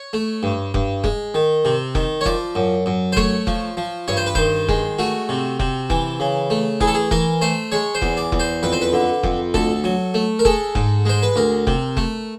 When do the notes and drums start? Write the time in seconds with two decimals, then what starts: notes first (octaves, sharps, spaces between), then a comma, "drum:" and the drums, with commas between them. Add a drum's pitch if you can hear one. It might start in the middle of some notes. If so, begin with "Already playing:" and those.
Already playing: C#5
0.13 A3
0.43 G2
0.74 G2, drum: kick F1
1.04 G#3, drum: kick F1
1.34 D#3
1.65 C3
1.95 D#3, drum: kick F1
2.21 C#5
2.26 F3 D5, drum: kick F1
2.55 F#2
2.86 F#2
3.12 C5
3.17 A3 C#5, drum: kick F1
3.47 F3, drum: kick F1
3.77 F3
4.08 G2 C#5
4.17 C5
4.26 B4
4.35 D#3 C5, drum: kick F1
4.68 G#3, drum: kick F1
4.99 A3 F#4
5.29 C3
5.60 C3, drum: kick F1
5.90 E3, drum: kick F1
6.20 C#3
6.50 A3
6.81 E3 G#4, drum: kick F1
6.87 A4
6.95 G#4
7.11 E3 A#4, drum: kick F1
7.41 A3 C5
7.72 G#3 C#5
7.95 C5
8.02 E2, drum: kick F1
8.17 D5
8.32 E2, drum: kick F1
8.40 C5
8.63 F2 B4
8.72 C5
8.81 B4
8.93 D3
9.23 F2, drum: kick F1
9.54 D2 A4, drum: kick F1
9.84 F#3
10.14 A3
10.39 A#4
10.45 G#3 A4, drum: kick F1
10.75 G#2, drum: kick F1
11.05 G#3 C5
11.23 B4
11.36 D2 A#4
11.67 C3, drum: kick F1
11.97 A3, drum: kick F1